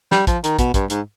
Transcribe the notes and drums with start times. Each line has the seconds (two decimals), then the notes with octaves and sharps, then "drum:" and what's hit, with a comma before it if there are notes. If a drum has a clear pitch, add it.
0.12 G3, drum: snare
0.27 F3, drum: kick, hi-hat
0.44 D#3, drum: hi-hat
0.59 B2, drum: kick, hi-hat
0.74 G2, drum: kick, hi-hat
0.90 G#2, drum: hi-hat